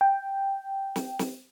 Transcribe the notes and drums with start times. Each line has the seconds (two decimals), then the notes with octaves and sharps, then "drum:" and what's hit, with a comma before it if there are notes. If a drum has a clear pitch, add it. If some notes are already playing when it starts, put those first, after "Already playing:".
0.01 G5
0.96 drum: snare
1.19 drum: snare